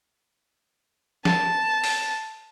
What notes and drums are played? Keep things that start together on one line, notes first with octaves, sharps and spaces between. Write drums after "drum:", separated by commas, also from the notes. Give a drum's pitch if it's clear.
A5, drum: snare
drum: open hi-hat